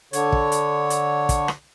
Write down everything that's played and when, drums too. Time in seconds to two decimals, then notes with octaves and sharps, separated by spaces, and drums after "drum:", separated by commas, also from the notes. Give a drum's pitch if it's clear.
0.13 D3 C#5, drum: hi-hat
0.32 drum: kick
0.52 drum: hi-hat
0.90 drum: hi-hat
1.29 drum: kick, hi-hat
1.48 drum: rim click